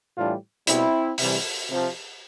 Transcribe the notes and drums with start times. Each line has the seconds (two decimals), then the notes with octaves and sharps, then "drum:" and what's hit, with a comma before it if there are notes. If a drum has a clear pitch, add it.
0.16 A2 E3 G3 D4 F4
0.67 B2 G3 C4 E4, drum: hi-hat
1.18 C3 E3 G3, drum: open hi-hat
1.69 C3 F3